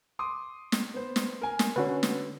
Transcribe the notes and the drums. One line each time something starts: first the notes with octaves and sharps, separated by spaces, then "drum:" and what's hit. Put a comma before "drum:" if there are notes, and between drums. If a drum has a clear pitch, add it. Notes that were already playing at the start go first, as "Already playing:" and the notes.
C6 D6 D#6
drum: snare
B3 C5
drum: snare
A#4 G#5
drum: snare
D3 C#4 F#4 B4
drum: snare